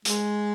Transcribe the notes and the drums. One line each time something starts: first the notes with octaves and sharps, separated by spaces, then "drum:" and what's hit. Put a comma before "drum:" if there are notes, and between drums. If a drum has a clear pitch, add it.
G#3, drum: hi-hat